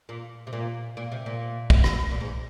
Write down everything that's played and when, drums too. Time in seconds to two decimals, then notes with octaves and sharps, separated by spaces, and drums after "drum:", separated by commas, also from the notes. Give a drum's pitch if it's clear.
0.09 A#2
0.47 C3
0.53 A#2
0.97 A#2
1.12 C3
1.26 A#2
1.70 drum: kick
1.84 drum: rim click
2.11 A#2
2.20 G#2